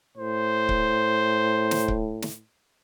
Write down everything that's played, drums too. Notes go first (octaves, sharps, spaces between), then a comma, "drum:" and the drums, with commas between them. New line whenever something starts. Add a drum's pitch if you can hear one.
A2 C5
drum: kick C#1
drum: snare
drum: kick C#1
drum: snare